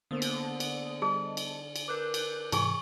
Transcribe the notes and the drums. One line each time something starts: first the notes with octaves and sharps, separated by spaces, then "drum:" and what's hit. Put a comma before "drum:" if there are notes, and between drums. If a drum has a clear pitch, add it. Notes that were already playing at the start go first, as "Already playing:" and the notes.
D3 A#3 B3 C5 D#6
drum: cymbal
drum: cymbal
G3 G#4 D#5 A5
drum: cymbal
drum: cymbal
A#4 B4 D6 F#6 G6
drum: cymbal
G#2 C3 E3 D#4 G#4 G#5 C#6, drum: cymbal